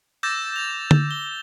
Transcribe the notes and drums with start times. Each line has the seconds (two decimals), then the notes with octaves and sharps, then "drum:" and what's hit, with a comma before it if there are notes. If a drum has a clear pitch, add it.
0.23 D6 E6 G6 A6 A#6 E7
0.56 A6 F7
0.91 drum: tom D3
1.11 G7